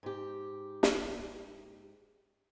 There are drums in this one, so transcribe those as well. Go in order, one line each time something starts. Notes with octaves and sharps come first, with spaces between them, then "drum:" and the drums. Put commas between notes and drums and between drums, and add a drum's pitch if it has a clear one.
G#2 G4
drum: snare